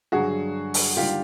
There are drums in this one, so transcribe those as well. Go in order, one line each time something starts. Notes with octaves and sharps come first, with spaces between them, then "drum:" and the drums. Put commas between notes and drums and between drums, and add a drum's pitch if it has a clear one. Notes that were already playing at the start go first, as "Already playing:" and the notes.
G2 D3 F#3 F#4 G#4
drum: open hi-hat
D#2 D3 G3 F4 G4